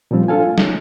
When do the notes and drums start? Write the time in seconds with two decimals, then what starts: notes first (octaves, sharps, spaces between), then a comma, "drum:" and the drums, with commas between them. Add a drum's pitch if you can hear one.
0.11 A#2 F3 G3 C4 F4
0.28 D4 F4 A4 F5 G#5
0.47 A3
0.58 drum: snare